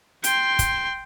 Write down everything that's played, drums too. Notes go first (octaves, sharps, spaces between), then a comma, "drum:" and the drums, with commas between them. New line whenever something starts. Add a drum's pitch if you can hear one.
G5 C6, drum: hi-hat
drum: kick, hi-hat